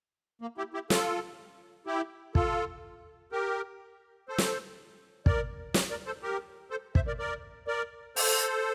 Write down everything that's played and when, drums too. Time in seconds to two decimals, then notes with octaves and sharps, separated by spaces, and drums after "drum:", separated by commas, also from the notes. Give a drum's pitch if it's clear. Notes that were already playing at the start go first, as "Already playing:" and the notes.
0.42 A#3
0.58 E4 G4
0.74 E4 G4
0.90 F4 A4, drum: snare
1.87 E4 G4
2.35 F4 A4, drum: kick
3.32 G4 A#4
4.29 A4 C5
4.38 drum: snare
5.26 A#4 D5, drum: kick
5.74 A#4 D5, drum: snare
5.90 A#4 D5
6.06 A4 C5
6.23 G4 A#4
6.71 A4 C5
6.95 C5 E5, drum: kick
7.07 A#4 D5
7.19 A#4 D5
7.68 A#4 D5
8.16 A4 C5, drum: open hi-hat